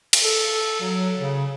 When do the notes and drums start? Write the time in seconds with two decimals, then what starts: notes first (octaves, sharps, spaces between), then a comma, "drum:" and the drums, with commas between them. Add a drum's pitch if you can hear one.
0.13 drum: cymbal
0.23 A4
0.80 F#3
1.19 C#3